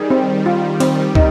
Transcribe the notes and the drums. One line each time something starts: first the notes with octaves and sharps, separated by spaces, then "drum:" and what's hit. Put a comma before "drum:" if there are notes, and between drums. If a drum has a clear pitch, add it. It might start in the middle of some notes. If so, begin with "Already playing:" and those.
Already playing: D#3 G3 G#4
C4
F4
C4, drum: cymbal
D#4, drum: kick